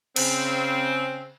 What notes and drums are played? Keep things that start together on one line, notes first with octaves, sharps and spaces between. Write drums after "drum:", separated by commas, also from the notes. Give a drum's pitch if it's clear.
C#3 C4, drum: cymbal